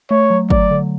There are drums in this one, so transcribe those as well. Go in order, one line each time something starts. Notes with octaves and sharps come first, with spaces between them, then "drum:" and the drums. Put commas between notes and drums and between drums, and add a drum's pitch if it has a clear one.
A3 C#5
F#3
F#3 D5, drum: kick G1
D3